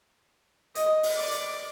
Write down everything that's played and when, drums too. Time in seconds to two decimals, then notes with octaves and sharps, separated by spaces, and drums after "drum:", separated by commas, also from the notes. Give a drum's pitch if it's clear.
0.75 D#5, drum: hi-hat
1.03 drum: open hi-hat
1.17 D5
1.31 drum: hi-hat